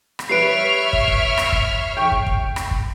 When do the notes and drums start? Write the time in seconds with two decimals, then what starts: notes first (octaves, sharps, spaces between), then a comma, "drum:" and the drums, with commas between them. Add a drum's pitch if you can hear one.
0.19 drum: rim click
0.29 G3 B4 C#5 E5 F6 C7 D7
0.93 drum: kick
1.08 drum: kick
1.38 drum: rim click
1.52 drum: kick
1.97 G5 C#6
2.12 drum: kick
2.26 drum: kick
2.56 drum: rim click
2.71 drum: kick